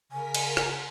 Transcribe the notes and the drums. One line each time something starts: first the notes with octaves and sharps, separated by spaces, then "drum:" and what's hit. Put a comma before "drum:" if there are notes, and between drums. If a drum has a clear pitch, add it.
C#3 A#4 G#5 B6
drum: cymbal
drum: rim click